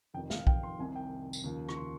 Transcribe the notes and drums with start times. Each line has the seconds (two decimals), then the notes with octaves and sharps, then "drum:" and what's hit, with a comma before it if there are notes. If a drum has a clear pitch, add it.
0.14 F1 F2 D#3 G5
0.30 F5, drum: snare
0.47 G5, drum: kick
0.63 C6
0.79 C2 C3 D#3 G#5
0.95 G5
1.33 drum: tambourine
1.44 D#2 C#3 F3
1.69 C#6, drum: rim click
1.76 C6